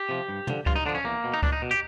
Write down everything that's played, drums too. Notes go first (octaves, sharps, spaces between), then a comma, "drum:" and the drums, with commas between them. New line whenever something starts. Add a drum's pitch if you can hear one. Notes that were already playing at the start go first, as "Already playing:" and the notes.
Already playing: G4
C3 F3
G2
D3 F3, drum: tom
G2 F4, drum: kick C#2
D#4
D3 F3 D4
C#4
E2 A#3
B2
D#4
E2 D4, drum: kick C#2
D#4
B2
G4